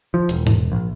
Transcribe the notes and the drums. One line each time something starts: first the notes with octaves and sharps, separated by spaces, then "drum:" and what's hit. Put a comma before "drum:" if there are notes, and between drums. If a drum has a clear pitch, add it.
F3
E1, drum: hi-hat
drum: tom G#2
A#1